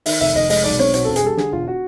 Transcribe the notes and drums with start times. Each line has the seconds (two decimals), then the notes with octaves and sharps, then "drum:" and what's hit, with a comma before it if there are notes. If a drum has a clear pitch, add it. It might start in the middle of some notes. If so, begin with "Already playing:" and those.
0.06 D#3 E5, drum: open hi-hat
0.20 F1 E5
0.35 F1 D#5
0.50 G#3 D#5, drum: open hi-hat
0.64 B1 D5
0.79 C4 C#5
0.94 B2 C#5, drum: hi-hat
1.05 A4
1.08 E1
1.16 G#4, drum: hi-hat
1.24 G3 A4
1.37 D3 G#4, drum: snare
1.52 E1 F4
1.68 F#4